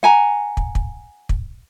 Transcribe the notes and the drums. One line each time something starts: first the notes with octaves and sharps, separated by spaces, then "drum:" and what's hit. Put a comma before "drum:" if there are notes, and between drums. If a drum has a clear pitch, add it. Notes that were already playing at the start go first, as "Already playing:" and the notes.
F#5 G#5 A#5
drum: kick
drum: kick
drum: kick